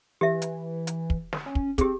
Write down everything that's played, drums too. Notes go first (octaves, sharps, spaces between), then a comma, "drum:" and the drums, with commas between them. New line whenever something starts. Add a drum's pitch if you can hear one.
E3 G4 E5
drum: hi-hat
drum: hi-hat
drum: kick
drum: snare
C#4
drum: kick
C4 G4 G#4, drum: kick, hi-hat